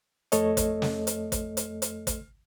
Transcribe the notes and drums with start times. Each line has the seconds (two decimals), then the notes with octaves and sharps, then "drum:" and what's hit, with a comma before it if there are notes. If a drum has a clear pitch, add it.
0.32 F2 A3 A4 C#5 D#5, drum: hi-hat
0.57 drum: kick, hi-hat
0.82 drum: snare
1.07 drum: hi-hat
1.32 drum: kick, hi-hat
1.57 drum: hi-hat
1.82 drum: hi-hat
2.07 drum: kick, hi-hat